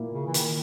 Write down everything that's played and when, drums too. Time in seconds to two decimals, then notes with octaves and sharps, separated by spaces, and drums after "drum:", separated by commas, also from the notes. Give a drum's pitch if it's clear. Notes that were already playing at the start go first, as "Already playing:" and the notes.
Already playing: A#2 A#3 E4 A#4
0.13 C#3
0.27 E3
0.34 D#3, drum: hi-hat